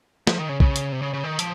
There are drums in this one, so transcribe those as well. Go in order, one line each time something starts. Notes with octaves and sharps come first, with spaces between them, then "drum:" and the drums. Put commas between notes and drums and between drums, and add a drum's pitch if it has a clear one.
F3, drum: snare
D#3
C#3
C#3, drum: kick B1
drum: hi-hat
C3
C#3
C#3
D#3
F3, drum: hi-hat